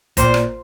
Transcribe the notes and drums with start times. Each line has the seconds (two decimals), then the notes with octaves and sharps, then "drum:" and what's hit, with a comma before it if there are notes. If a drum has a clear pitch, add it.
0.17 A#2 C5, drum: kick, hi-hat
0.34 drum: rim click